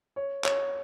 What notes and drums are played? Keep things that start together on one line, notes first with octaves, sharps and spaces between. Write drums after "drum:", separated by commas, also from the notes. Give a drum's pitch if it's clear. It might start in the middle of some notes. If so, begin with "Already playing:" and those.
C#5
C#5, drum: clap